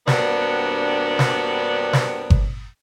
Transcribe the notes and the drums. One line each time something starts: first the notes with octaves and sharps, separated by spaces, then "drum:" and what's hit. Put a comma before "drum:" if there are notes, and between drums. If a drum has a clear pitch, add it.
G2 C3 A#3 B3 D4 F#4, drum: snare
drum: snare
drum: snare
drum: kick G1